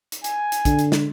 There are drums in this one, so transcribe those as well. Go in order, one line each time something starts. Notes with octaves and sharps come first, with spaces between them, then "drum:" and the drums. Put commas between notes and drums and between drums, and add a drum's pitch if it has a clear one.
drum: hi-hat
G#5, drum: hi-hat
drum: hi-hat
D3, drum: kick, hi-hat
drum: hi-hat
drum: snare